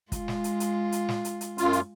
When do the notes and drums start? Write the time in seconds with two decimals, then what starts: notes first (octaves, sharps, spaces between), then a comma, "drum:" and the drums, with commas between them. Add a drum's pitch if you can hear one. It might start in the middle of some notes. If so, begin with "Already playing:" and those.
0.12 G#3 F4, drum: kick, hi-hat
0.28 drum: snare
0.44 drum: hi-hat
0.60 drum: hi-hat
0.92 drum: hi-hat
1.08 drum: snare
1.25 drum: hi-hat
1.41 drum: hi-hat
1.58 F#2 F4, drum: hi-hat
1.73 drum: hi-hat